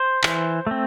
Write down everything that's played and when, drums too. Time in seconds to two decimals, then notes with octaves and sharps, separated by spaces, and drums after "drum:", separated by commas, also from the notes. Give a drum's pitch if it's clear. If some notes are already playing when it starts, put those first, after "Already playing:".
Already playing: C5
0.23 E3, drum: clap
0.67 A3 C4